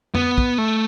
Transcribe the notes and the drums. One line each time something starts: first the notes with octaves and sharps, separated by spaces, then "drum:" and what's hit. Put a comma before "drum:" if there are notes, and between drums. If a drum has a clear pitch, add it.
B3, drum: tom F2
drum: kick
A3